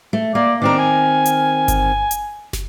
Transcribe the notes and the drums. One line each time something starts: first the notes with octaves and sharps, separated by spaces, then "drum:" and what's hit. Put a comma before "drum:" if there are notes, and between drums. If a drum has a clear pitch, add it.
A3
A#3 D5
D#3 C4 D4 A#4
G#5
drum: hi-hat
drum: kick G1, hi-hat
drum: hi-hat
drum: snare